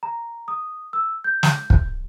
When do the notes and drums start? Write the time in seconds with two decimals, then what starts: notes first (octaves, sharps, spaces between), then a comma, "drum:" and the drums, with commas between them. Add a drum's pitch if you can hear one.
0.03 A#5
0.48 D#6
0.93 E6
1.24 G6
1.43 drum: snare
1.70 drum: kick